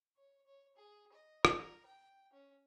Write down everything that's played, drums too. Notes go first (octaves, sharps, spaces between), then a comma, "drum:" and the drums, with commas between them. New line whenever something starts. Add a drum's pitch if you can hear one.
C#5
C#5
G#4
D#5
A#4, drum: rim click
G5
C#4